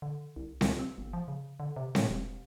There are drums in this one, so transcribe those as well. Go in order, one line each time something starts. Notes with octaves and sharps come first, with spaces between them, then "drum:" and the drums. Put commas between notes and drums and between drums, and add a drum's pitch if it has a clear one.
D3
C2
C#2, drum: snare C4
C4
G1
F3
C#3
D3
C3
A2, drum: snare C4
E1